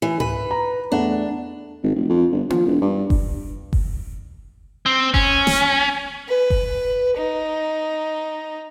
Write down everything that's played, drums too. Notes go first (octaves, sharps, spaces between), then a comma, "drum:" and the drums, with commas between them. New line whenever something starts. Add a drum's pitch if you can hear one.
E3
B4, drum: tom G#2
A#5
E2 A3 D4 F#5
G#1
F1
F2
G1
F3, drum: tom A#3
E1
G2
drum: kick F#1
drum: kick F#1
C4
C#4, drum: kick F#1
drum: snare
B4
drum: kick F#1
D#4